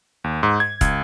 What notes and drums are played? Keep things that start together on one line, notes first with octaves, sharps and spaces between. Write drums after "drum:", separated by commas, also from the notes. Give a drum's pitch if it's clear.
D#2
G#2
G#6
C#2, drum: kick, hi-hat